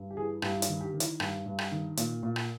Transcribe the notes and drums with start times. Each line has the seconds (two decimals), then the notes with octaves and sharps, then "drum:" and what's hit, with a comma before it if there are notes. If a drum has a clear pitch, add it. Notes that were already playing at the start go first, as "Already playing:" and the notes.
Already playing: G2
0.11 G4
0.17 E3 G#4
0.42 G2 G4, drum: rim click
0.54 E4
0.62 D#4, drum: hi-hat
0.69 D#3
0.81 G4
0.94 D#3
1.00 E4, drum: hi-hat
1.20 G2, drum: rim click
1.46 G2
1.59 drum: rim click
1.72 D#3
1.97 A#2, drum: hi-hat
2.23 A#2
2.36 drum: rim click